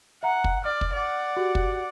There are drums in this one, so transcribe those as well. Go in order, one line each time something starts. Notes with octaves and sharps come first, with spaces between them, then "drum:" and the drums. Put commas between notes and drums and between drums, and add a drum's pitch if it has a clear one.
E5 F#5 A#5
drum: kick
D5 F6
drum: kick
D5 F#5
F#4 G4
drum: kick